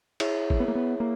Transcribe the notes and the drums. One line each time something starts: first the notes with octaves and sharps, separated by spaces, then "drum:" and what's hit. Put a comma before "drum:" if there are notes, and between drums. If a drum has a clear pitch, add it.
E4 G#4 C#5 E5, drum: cymbal
drum: kick G#1
B3
A#3
B3
A#3